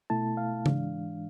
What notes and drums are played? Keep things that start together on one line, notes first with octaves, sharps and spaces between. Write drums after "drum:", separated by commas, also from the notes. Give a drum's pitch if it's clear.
B2 A3 E4 A5
F5
G#2 E3 G#3 D4, drum: tom C#3